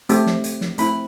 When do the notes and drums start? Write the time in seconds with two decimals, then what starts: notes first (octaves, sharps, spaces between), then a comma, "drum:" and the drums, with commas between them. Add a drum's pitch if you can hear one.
0.09 A3 C4 G4, drum: hi-hat
0.26 drum: snare
0.44 drum: hi-hat
0.61 drum: snare
0.78 A3 C4 E4 B5, drum: hi-hat